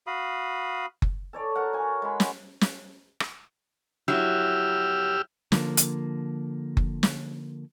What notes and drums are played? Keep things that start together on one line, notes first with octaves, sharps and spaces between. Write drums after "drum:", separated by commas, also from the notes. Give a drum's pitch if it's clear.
F#4 F5 B5 D#6
drum: kick F#1
A4 C#5 D5
F#4 A#4 F#5
C#5 G#5
G#3 B5
drum: snare
drum: snare
drum: rim click
F#3 E4 G4 E6 F6
D3 F3 A3 A#3, drum: snare
drum: hi-hat
drum: kick F#1
drum: snare